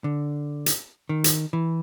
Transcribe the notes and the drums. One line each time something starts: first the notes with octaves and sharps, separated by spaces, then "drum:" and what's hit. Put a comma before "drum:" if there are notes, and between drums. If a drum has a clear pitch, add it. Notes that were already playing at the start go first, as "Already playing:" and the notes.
D3
drum: hi-hat
D#3
drum: hi-hat
E3